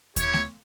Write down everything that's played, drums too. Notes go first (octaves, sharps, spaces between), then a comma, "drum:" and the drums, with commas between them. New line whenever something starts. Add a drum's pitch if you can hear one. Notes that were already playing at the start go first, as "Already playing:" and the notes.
B3 E4 G4 C#5, drum: kick D#2, hi-hat
drum: snare A3